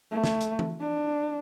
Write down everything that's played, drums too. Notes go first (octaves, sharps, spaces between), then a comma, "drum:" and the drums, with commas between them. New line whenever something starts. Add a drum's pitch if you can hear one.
A3
drum: snare
drum: hi-hat
drum: tom E3
D4